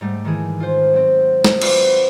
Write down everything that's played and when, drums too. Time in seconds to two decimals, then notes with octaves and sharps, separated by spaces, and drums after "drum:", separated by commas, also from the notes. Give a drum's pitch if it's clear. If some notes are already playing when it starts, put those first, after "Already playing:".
0.01 G#2 G3 A3
0.25 D#3 E3 G#4
0.60 F4 C5
0.93 F#3 C4
1.44 drum: snare
1.62 F4 F#4 B4 C5 D5 F5, drum: cymbal